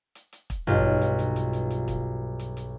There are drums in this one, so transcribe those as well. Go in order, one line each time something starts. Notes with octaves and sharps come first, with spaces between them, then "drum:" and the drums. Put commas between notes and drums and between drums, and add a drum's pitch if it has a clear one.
drum: hi-hat
drum: hi-hat
drum: kick, hi-hat
B1 G2 F4, drum: tom A1
drum: hi-hat
drum: hi-hat
drum: hi-hat
drum: hi-hat
drum: hi-hat
drum: kick, hi-hat
drum: hi-hat
drum: hi-hat